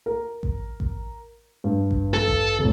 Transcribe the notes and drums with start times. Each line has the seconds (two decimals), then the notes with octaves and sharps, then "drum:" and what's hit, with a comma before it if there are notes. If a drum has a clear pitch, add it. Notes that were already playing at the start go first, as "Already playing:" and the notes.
0.06 A#4
0.43 drum: kick A1
0.80 drum: kick A1
1.64 G2
1.91 drum: kick A1
2.14 A4
2.28 drum: kick A1
2.59 F1 B1